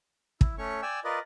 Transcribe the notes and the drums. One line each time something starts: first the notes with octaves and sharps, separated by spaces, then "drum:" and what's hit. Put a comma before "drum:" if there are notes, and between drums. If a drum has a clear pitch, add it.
E4, drum: kick
A3 C#4 C#5 C#6
D5 G5 G#5 E6
F4 A#4 B4 D5 D#5